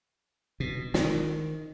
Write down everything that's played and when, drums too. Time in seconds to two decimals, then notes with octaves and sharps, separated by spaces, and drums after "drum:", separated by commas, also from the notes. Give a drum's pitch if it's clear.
0.60 B2
0.94 D#3, drum: snare